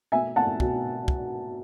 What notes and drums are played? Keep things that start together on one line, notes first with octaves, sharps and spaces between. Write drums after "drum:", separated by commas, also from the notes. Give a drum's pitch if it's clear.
B2 E5 G#5
F#5 A5
B2, drum: kick
drum: kick